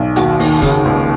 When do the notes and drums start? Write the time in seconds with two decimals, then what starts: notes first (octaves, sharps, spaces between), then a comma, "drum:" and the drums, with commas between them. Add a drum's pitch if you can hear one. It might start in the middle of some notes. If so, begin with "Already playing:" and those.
Already playing: B1
0.16 D#2 F#4, drum: hi-hat
0.40 D#2, drum: open hi-hat
0.62 C#3, drum: kick, hi-hat
0.85 C#2